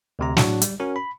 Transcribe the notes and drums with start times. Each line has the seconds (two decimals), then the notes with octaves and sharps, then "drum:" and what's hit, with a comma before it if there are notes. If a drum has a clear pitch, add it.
0.19 D2 C3 A#5
0.37 A2 F#3 D4 F#4, drum: snare
0.62 G3, drum: hi-hat
0.80 C#4 F#4 A#4
0.96 B5